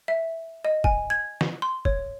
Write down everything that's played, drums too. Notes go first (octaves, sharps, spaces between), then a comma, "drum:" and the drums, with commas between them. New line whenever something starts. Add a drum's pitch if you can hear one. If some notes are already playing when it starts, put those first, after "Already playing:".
E5
D#5
G#5, drum: kick
G#6
drum: snare
C6
C#5, drum: kick